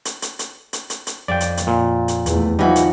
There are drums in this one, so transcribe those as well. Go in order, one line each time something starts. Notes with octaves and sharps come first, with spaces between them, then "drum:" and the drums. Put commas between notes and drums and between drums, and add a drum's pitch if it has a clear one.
drum: hi-hat
drum: hi-hat
drum: hi-hat
drum: hi-hat
drum: hi-hat
drum: hi-hat
F2 D5 G5
drum: hi-hat
drum: hi-hat
A#2
drum: hi-hat
E2 A3, drum: hi-hat
E3 F3 G3 D#4 F#4
drum: hi-hat